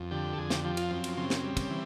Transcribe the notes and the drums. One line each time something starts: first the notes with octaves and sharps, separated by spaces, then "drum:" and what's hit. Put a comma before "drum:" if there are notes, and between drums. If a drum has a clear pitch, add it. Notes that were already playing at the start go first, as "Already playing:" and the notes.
Already playing: F2
D3 G4
A4
F2 G#4
G4, drum: snare
F3 G4
F4, drum: cymbal
F#2 C4
drum: cymbal
C#3 C4
drum: snare
G3
drum: kick, cymbal
E3